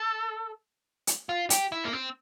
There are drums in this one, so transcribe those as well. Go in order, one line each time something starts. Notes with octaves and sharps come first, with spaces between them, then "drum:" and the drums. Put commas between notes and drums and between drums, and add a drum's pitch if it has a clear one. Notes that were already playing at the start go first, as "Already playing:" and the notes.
Already playing: A4
drum: hi-hat
F4
G4, drum: hi-hat
E4
A#3
C4